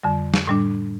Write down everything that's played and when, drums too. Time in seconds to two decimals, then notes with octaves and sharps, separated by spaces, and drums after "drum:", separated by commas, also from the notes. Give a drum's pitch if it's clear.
0.03 F2 D3 G3
0.34 drum: snare
0.47 A2 G3 D4